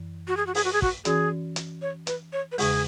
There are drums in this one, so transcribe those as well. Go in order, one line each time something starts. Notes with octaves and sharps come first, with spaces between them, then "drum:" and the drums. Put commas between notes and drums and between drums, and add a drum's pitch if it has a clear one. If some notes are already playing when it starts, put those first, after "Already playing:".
Already playing: F#2 E3
F#4
G#4
F#4
G#4, drum: open hi-hat
F#4
G#4
F#4, drum: kick
E3 C#4 F#4 G#4, drum: hi-hat
drum: hi-hat
C#5
B4, drum: hi-hat
C#5
B4
E2 C#3 G#3 G#4, drum: open hi-hat